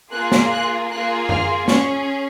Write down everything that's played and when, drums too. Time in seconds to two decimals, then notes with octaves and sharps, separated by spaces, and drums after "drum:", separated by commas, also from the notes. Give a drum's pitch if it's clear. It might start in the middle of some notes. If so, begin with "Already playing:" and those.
0.12 A#3 F4 G#4 F#6
0.32 drum: snare
0.51 F#6
0.90 A#3 F4 G#4 F#6
1.29 F6, drum: tom F#2
1.68 C#4 G#4 C#6, drum: snare